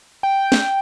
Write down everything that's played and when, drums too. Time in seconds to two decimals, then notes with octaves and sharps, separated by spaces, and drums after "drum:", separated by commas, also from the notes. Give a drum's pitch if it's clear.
0.23 G5
0.52 drum: snare